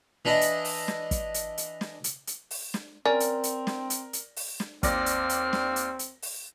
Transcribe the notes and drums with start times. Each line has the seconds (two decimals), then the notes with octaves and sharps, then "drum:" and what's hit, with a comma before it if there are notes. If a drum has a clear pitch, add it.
0.25 E3 D4 E4 D#5
0.41 drum: hi-hat
0.65 drum: open hi-hat
0.88 drum: snare
1.11 drum: kick, hi-hat
1.34 drum: hi-hat
1.58 drum: hi-hat
1.81 drum: snare
2.04 drum: hi-hat
2.27 drum: hi-hat
2.51 drum: open hi-hat
2.74 drum: snare
3.06 C4 C#4 A#4 D5
3.20 drum: hi-hat
3.44 drum: hi-hat
3.67 drum: snare
3.90 drum: hi-hat
4.13 drum: hi-hat
4.36 drum: open hi-hat
4.60 drum: snare
4.83 D#2 C4 D5 F6 A#6, drum: kick, hi-hat
5.06 drum: hi-hat
5.29 drum: hi-hat
5.53 drum: snare
5.76 drum: hi-hat
5.99 drum: hi-hat
6.22 drum: open hi-hat